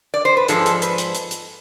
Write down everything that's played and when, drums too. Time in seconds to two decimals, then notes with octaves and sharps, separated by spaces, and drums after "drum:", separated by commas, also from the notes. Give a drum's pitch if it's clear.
0.14 D5
0.25 C5
0.37 B4
0.48 G#2 F3 G#3 D4 A4, drum: hi-hat
0.66 A4, drum: hi-hat
0.82 B4, drum: hi-hat
0.98 drum: hi-hat
1.15 drum: hi-hat
1.31 drum: hi-hat